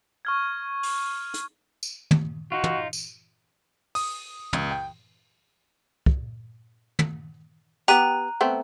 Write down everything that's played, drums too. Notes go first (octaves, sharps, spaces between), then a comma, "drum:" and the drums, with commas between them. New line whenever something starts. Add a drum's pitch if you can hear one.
C#6 F6 G#6
drum: open hi-hat
drum: hi-hat
drum: tambourine
drum: tom
D#4 F4 F#4
drum: tom
drum: tambourine
D#6, drum: open hi-hat
C#2, drum: tom
G5
drum: kick
drum: tom
B3 G4 A#5 F#6 D#7, drum: hi-hat
A3 B3 C4